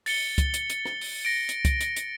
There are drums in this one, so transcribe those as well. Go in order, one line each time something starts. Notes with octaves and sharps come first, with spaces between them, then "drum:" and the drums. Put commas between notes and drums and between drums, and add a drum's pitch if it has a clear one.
A6 C#7 G7, drum: open hi-hat
drum: kick C#2, hi-hat
drum: hi-hat
drum: hi-hat
drum: rim click
drum: open hi-hat
A#6 D7
drum: hi-hat
drum: kick C#2, hi-hat
drum: hi-hat
drum: hi-hat